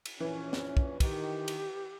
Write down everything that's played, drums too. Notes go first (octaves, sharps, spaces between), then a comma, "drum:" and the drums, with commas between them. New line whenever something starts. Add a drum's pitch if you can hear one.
drum: cymbal
A#1 A#2 E3 C#4
drum: snare
drum: kick
D#3 G4, drum: kick, cymbal
drum: cymbal